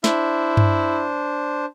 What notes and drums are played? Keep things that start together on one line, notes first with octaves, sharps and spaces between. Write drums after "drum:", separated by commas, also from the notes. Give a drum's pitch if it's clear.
D4 E4 C5, drum: snare
drum: tom G2